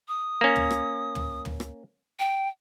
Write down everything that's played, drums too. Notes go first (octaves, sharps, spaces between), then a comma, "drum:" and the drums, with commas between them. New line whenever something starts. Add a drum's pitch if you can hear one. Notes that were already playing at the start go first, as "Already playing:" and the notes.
D#6
A#3 C#4
drum: tom
drum: rim click
drum: tom
drum: tom
drum: rim click
G5